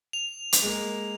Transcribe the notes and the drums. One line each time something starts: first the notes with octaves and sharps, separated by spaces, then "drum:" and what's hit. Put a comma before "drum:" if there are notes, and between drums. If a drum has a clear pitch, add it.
F7
drum: hi-hat
G#3 A#3